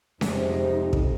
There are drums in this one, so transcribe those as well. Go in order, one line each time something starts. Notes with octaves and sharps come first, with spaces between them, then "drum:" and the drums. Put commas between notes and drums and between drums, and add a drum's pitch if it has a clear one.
F2 G#2 C3 D#4, drum: snare C#4
drum: kick